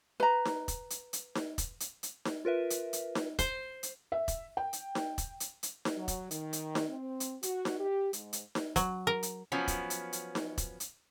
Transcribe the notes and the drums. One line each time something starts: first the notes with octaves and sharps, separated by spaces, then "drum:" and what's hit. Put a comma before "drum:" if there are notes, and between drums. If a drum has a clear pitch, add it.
B4 A#5
drum: snare D#4
drum: kick E1, hi-hat
drum: hi-hat
drum: hi-hat
drum: snare D#4
drum: kick E1, hi-hat
drum: hi-hat
drum: hi-hat
drum: snare D#4
F4 A#4 B4 E5
drum: hi-hat
drum: hi-hat
drum: snare D#4
C5, drum: kick E1, hi-hat
drum: hi-hat
E5
drum: kick E1, hi-hat
G5
drum: hi-hat
drum: snare D#4
drum: kick E1, hi-hat
drum: hi-hat
drum: hi-hat
drum: snare D#4
F#3
drum: kick E1, hi-hat
D#3, drum: hi-hat
drum: hi-hat
drum: snare D#4
C4
drum: hi-hat
F#4, drum: hi-hat
drum: snare D#4
G4
G#2, drum: hi-hat
drum: hi-hat
drum: snare D#4
F#3, drum: kick E1, hi-hat
A#4
drum: hi-hat
F3 F#3 B3 C#4
drum: kick E1, hi-hat
drum: hi-hat
drum: hi-hat
drum: snare D#4
drum: kick E1, hi-hat
drum: hi-hat